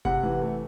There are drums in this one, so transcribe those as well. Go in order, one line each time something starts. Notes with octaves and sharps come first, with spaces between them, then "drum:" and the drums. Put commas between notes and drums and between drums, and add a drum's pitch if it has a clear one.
C3 F#5, drum: kick F#1
E3
A3